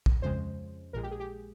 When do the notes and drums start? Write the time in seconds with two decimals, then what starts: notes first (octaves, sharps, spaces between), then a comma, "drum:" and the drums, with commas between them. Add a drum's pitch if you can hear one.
0.06 drum: kick
0.22 F2 C#3 G#3 C5
0.93 A#1 A#2 G#3 A#4
1.03 G4
1.11 G#4
1.20 G4